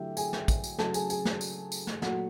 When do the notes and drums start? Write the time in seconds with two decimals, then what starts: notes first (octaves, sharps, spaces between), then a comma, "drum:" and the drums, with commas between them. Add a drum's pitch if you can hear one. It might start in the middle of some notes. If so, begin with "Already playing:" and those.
Already playing: D3 F#3 A3 E4 G4 E5 G5
0.17 G#4 G#5, drum: tambourine
0.33 drum: snare
0.48 drum: kick, tambourine
0.64 drum: tambourine
0.79 C#3 F#3 A3 A4 A5, drum: snare
0.94 G#4 G#5, drum: tambourine
1.10 G#4 G#5, drum: tambourine
1.25 drum: snare
1.41 drum: tambourine
1.72 drum: tambourine
1.87 drum: snare
2.02 A#2 F#3 A3 F#4 F#5, drum: snare